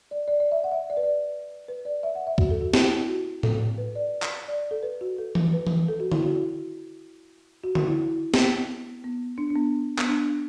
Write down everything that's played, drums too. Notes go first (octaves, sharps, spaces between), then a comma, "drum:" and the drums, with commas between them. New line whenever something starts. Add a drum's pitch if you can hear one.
D5
D5
D5
E5
F#5
E5
D5
B4
D5
B4
D5
E5
F#5
E5
F#4, drum: kick
A4
F#4
E4, drum: snare
F#4
A4, drum: tom A2
B4
D5
drum: clap
D5
A4
B4
F#4
A4
drum: tom E3
B4
drum: tom E3
A4
F#4
E4, drum: tom D3
F#4
F#4
F#4
F#4, drum: tom D3
E4
B3, drum: snare
B3
D4
D4
B3
B3, drum: clap
D4